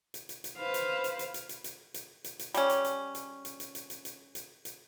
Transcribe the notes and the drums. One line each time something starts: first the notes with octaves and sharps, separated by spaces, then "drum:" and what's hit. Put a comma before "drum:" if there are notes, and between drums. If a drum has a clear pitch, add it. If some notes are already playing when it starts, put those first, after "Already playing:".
drum: hi-hat
drum: hi-hat
drum: hi-hat
B4 C5 F5
drum: hi-hat
drum: hi-hat
drum: hi-hat
drum: hi-hat
drum: hi-hat
drum: hi-hat
drum: hi-hat
drum: hi-hat
drum: hi-hat
G3 C#4, drum: hi-hat
drum: hi-hat
drum: hi-hat
drum: hi-hat
drum: hi-hat
drum: hi-hat
drum: hi-hat
drum: hi-hat
drum: hi-hat
drum: hi-hat
drum: hi-hat